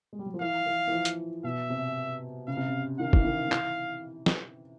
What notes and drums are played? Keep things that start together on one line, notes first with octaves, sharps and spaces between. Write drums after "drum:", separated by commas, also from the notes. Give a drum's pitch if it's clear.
G#3
G3
F#3
F3
E3 F5
E3
E3
F3
drum: hi-hat
B2 E5
C3
C#3 F5
C3
C#3
D#3 F5
E3, drum: kick
D#3
D#3
E3, drum: clap
drum: snare